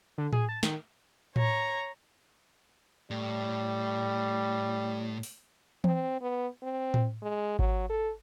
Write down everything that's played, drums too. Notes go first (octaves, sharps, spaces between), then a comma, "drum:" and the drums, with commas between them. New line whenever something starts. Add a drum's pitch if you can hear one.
D3
G#4, drum: tom A2
A5
D#3, drum: snare
C#5 A#5, drum: tom A2
A2 G3
drum: open hi-hat
C4, drum: tom E3
B3
C4
drum: tom A2
G#3
F#3, drum: kick G#1
A4